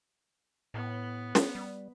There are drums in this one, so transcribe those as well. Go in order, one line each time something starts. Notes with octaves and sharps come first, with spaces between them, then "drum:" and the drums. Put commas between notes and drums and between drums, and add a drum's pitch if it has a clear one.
A2 B3
drum: snare
G3